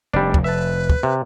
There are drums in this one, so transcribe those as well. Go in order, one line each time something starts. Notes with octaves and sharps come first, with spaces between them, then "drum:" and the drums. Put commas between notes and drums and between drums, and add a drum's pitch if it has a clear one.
F1 G3 D4
drum: kick
B4 E5 A5
drum: kick
C3